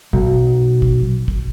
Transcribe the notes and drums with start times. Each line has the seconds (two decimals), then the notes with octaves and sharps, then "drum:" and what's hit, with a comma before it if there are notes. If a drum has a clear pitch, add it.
0.13 B1, drum: kick
0.82 drum: kick
1.28 drum: kick